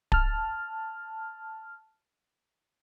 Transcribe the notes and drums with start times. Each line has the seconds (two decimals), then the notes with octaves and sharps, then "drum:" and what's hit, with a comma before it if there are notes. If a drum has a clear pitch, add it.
0.12 A5 F6, drum: kick D1